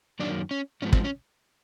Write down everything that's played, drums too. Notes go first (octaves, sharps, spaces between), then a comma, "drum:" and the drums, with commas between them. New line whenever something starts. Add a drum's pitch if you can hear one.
F#2 D#3 F#3 A#3 D4
C#4
G#2 F3 G#3 B3 C#4
C4, drum: kick
C#4